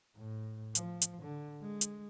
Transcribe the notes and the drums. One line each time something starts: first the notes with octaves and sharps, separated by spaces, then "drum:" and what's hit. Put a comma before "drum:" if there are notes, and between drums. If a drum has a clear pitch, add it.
A2
F3, drum: hi-hat
drum: hi-hat
D3
G#3
drum: hi-hat